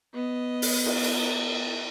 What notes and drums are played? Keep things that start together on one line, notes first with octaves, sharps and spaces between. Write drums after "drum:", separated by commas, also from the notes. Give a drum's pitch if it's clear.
B3 D#5
drum: open hi-hat
drum: cymbal
drum: cymbal